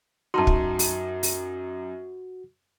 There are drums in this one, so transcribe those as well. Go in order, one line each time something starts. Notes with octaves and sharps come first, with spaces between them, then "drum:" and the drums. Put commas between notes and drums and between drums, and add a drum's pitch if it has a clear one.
F#2 D#4 F#4 A5 A#5 C6
drum: kick
drum: open hi-hat
drum: open hi-hat